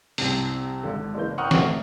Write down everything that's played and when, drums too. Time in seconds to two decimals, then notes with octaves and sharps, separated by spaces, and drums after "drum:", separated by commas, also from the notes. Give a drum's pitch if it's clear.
0.18 C2 C3, drum: open hi-hat
0.83 G#1 D3
1.15 F#1 E3 A#3 G6
1.38 F#5 G5 A#5 C#6 D#6 F6
1.51 A1 A3, drum: snare